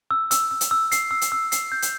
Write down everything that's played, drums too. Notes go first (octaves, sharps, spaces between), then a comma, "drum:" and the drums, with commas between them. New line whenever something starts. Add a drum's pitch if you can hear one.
E6
E6, drum: hi-hat
E6
drum: hi-hat
E6
C7, drum: hi-hat
E6
drum: hi-hat
E6
C7, drum: hi-hat
G6
drum: hi-hat